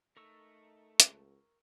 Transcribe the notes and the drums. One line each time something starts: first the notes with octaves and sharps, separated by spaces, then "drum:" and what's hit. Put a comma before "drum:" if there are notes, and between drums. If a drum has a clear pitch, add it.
A3 D#4 A#4 C#6 E6
C#2, drum: hi-hat